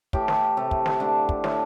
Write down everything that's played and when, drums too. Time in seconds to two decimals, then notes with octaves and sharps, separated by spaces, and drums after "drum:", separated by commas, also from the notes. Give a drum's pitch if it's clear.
0.13 A2 E3 A3 G4, drum: kick
0.28 drum: snare
0.57 C3 A3
0.71 drum: kick
0.86 drum: snare
1.00 D3 A3 D4
1.29 drum: kick
1.44 A2 A3, drum: snare